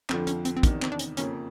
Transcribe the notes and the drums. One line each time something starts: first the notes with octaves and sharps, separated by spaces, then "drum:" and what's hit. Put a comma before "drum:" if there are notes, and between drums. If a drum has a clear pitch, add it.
F2 D3 F3 C4, drum: clap
C#4, drum: hi-hat
C4, drum: hi-hat
C4
E2 C3 D#3 B3, drum: kick, hi-hat
C4, drum: clap
D4
C#4, drum: hi-hat
F2 C#3 F3 A#3 C#4, drum: hi-hat